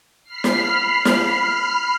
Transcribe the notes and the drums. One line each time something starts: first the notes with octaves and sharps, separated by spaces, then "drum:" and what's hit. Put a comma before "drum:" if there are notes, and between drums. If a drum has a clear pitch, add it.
B5 F6 C7
drum: snare
drum: snare